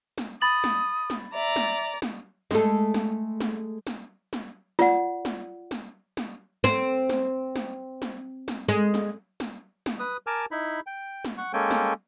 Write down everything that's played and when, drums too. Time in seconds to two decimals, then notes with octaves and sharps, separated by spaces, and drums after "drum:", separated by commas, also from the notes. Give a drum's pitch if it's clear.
0.18 drum: snare
0.42 B5 D#6 A6 F#7
0.64 drum: snare
1.10 drum: snare
1.34 D5 E5 A#5
1.56 drum: snare
2.02 drum: snare
2.51 G#3 A3 A4, drum: snare
2.94 drum: snare
3.40 drum: snare
3.87 drum: snare
4.33 drum: snare
4.79 F4 D5 F#5, drum: snare
5.25 drum: snare
5.71 drum: snare
6.17 drum: snare
6.64 C4, drum: snare
7.09 drum: snare
7.56 drum: snare
8.02 drum: snare
8.48 drum: snare
8.68 G#3
8.94 drum: snare
9.40 drum: snare
9.86 drum: snare
9.99 B4 D#6
10.27 A#4 G#5 A5 D6 F6
10.51 D#4 E4 B5
10.87 G5
11.25 drum: snare
11.38 F#5 C#6
11.53 G#3 A#3 C#4 A4 G5 G#5
11.71 drum: snare